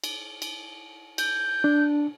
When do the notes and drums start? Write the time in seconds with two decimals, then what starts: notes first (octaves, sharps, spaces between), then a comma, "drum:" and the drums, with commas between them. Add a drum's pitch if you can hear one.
0.04 drum: cymbal
0.42 drum: cymbal
1.18 G6, drum: cymbal
1.64 D4